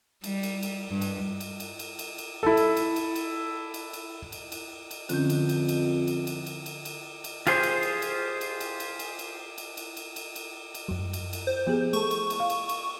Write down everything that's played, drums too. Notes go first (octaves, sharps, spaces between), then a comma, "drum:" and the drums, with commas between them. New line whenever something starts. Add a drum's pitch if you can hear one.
G3, drum: cymbal
drum: cymbal
drum: cymbal
G2
drum: cymbal
drum: cymbal
drum: cymbal
drum: cymbal
drum: cymbal
drum: cymbal
E4 A4
drum: cymbal
drum: cymbal
drum: cymbal
drum: cymbal
drum: cymbal
drum: cymbal
drum: cymbal
drum: cymbal
drum: cymbal
F2 D3 C#4 G6, drum: cymbal
drum: cymbal
drum: cymbal
drum: cymbal
drum: cymbal
drum: cymbal
drum: cymbal
drum: cymbal
drum: cymbal
drum: cymbal
F4 G4 G#4 C5, drum: cymbal
drum: cymbal
drum: cymbal
drum: cymbal
drum: cymbal
drum: cymbal
drum: cymbal
drum: cymbal
drum: cymbal
drum: cymbal
drum: cymbal
drum: cymbal
drum: cymbal
drum: cymbal
drum: cymbal
F#2 F#3
drum: cymbal
drum: cymbal
C5
F3 B3 G4 G#4
A3 A4 C#6, drum: cymbal
drum: cymbal
drum: cymbal
F5
drum: cymbal
drum: cymbal